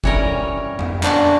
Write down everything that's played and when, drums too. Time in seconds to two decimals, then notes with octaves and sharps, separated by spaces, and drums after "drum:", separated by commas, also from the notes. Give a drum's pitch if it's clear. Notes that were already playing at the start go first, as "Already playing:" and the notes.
0.04 E3 G3 C#4 A#4 C#5, drum: kick G1
0.79 drum: tom
1.03 A#2 A#3 C#4 D4 F#4, drum: clap